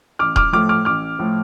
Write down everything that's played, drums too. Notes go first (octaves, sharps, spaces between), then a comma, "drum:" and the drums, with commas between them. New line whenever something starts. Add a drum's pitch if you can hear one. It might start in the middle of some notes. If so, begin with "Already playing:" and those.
A1 D6 F6
D6 F6, drum: kick D#1
A2 F3 A3 D6 F6
D6 F6
A1 D6 F6
A2 F3 A3